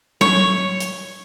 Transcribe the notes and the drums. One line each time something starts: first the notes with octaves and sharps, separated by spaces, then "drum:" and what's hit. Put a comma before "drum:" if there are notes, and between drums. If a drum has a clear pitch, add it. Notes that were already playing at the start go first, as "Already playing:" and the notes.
C#5, drum: tom F#3
drum: hi-hat